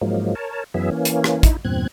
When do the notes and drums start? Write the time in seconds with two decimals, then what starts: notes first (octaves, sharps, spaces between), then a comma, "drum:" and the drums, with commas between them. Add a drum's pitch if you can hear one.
0.01 G#2 F3 F#3 G#3 A#3
0.35 A#4 C#5 A5
0.74 F#2 E3 F#3 B3 G#4 E5
0.91 E3 A#3 C#4
1.05 drum: hi-hat
1.24 drum: rim click
1.43 D#4 E4, drum: kick, hi-hat
1.65 E2 G2 A#2 C4 F#6 G#6